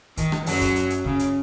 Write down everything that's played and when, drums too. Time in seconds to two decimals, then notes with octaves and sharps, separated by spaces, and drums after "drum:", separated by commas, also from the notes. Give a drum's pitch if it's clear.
0.17 D#3, drum: kick, hi-hat
0.32 drum: rim click
0.46 F#2 F#3, drum: open hi-hat
0.61 drum: kick, hi-hat
0.76 drum: hi-hat
0.90 drum: hi-hat
1.05 C#3, drum: kick
1.19 drum: hi-hat